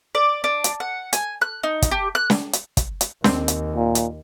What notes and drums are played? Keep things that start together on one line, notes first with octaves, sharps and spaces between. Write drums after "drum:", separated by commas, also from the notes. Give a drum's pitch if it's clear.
D5
D4
drum: hi-hat
F#5
G#5, drum: hi-hat
F#6
D#4
drum: kick, hi-hat
G4
F#6
drum: snare
drum: hi-hat
drum: kick, hi-hat
drum: hi-hat
D#2 C4, drum: snare
drum: hi-hat
A#2
drum: hi-hat